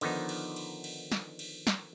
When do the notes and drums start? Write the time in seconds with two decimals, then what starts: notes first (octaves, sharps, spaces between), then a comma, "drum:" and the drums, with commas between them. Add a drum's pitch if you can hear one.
0.01 D3 D#3 F3 B3 D#4, drum: cymbal
0.29 drum: cymbal
0.56 drum: cymbal
0.84 drum: cymbal
1.12 drum: snare
1.39 drum: cymbal
1.67 drum: snare